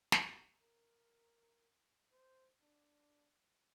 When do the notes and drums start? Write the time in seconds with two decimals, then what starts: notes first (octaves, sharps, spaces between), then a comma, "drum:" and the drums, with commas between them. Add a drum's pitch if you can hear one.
0.12 G4, drum: snare
0.62 A#4
2.12 C5
2.62 D4